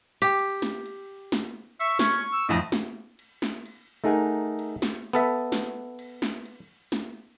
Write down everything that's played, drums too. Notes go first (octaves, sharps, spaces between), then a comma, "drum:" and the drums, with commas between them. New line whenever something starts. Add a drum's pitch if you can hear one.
G4
drum: cymbal
drum: snare
drum: cymbal
drum: snare
E5 C#6, drum: cymbal
C#4, drum: snare
E6
F2 A2 D#5
drum: snare
drum: cymbal
drum: snare
drum: cymbal
A3 D#4 G#4 A#4 F#5 G#5
drum: cymbal
drum: snare
B3 A4 E5
drum: snare
drum: cymbal
drum: snare
drum: cymbal
drum: snare